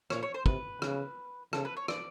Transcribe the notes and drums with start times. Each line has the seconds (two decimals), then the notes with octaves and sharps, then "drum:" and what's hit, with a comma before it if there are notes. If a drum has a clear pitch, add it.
0.10 A#2 C#5, drum: rim click
0.23 C#5
0.34 C5
0.46 C3 B4, drum: kick
0.82 C#3, drum: rim click
1.53 C#3 A4, drum: rim click
1.65 B4
1.77 C#5
1.88 D5, drum: rim click